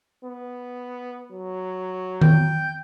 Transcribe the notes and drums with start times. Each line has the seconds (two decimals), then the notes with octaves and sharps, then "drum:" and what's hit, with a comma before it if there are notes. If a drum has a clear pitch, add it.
0.25 B3
1.32 F#3
2.21 G5, drum: tom D#3